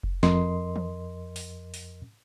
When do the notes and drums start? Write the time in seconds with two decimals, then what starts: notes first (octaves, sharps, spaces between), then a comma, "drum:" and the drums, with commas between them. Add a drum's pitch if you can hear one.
0.03 drum: kick F1
0.23 F2 A#4 D#5 C6, drum: snare
0.76 drum: tom
1.36 drum: open hi-hat
1.74 drum: open hi-hat